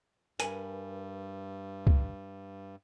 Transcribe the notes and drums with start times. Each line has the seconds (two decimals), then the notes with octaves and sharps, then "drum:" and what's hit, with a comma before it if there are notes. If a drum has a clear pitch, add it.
0.40 G2 A#4 B4 G#5, drum: hi-hat
1.87 drum: kick C#2